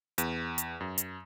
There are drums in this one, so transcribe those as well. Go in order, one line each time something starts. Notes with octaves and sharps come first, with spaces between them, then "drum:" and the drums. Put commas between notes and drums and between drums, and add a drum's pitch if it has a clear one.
E2, drum: hi-hat
drum: hi-hat
F#2
drum: hi-hat